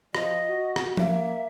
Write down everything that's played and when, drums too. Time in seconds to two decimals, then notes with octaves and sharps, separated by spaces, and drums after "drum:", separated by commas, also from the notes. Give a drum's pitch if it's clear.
0.15 F3 D#5, drum: rim click
0.49 F#4
0.76 drum: rim click
0.97 A#3 E5, drum: tom F3